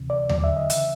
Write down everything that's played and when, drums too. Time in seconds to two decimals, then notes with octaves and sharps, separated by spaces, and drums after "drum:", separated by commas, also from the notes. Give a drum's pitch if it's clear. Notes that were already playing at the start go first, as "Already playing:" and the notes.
Already playing: D2 C3 E3
0.10 D5
0.29 D2 D3 F#3 D5, drum: tom D#2
0.44 E5
0.57 D#5
0.70 C#3 E3 E5, drum: hi-hat